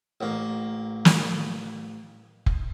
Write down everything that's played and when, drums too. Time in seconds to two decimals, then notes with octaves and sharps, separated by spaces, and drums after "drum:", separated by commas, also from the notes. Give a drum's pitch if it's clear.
0.21 A1 A#3
1.05 drum: snare
2.46 drum: kick F1